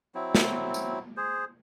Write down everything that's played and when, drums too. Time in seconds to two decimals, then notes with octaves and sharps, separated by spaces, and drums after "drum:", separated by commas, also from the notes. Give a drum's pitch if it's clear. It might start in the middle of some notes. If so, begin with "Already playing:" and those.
0.15 F#3 C4 E4
0.35 drum: snare
0.74 drum: tambourine
1.17 G#4 C5